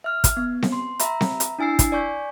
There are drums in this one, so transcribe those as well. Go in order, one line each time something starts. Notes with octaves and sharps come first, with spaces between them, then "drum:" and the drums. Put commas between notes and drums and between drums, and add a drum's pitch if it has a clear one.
E5 F6
drum: kick, hi-hat
B3
drum: snare C4
C6
E5 A#5 B5, drum: hi-hat
drum: snare C4
drum: hi-hat
D4 E4 G#5 E6 C7
drum: kick, hi-hat
D5 G#5 C#6 G6 B6